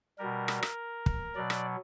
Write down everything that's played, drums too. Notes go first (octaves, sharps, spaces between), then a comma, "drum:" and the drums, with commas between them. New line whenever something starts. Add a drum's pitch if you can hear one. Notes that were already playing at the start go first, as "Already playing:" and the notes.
B2 G3 A#4
drum: rim click
drum: rim click
drum: kick
B2 F#3 D5
drum: rim click